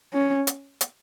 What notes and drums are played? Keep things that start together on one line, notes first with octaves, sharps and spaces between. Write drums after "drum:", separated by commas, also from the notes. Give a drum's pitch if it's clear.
C#4
drum: hi-hat
drum: hi-hat